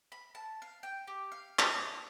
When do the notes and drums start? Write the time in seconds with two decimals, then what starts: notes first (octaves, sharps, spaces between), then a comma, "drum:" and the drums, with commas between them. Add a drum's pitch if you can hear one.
0.12 B5
0.35 A5
0.62 F5
0.83 G5
1.07 G4
1.32 F5
1.59 D4, drum: clap